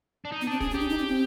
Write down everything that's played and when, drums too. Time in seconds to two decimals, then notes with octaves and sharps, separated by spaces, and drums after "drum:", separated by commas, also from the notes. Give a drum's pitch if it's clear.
0.25 D4
0.32 D#4
0.41 B3
0.47 C4 D4
0.61 C#4 G#4, drum: kick
0.71 C#4
0.75 G4
0.80 D4
0.90 D#4
0.99 C#4
1.09 C4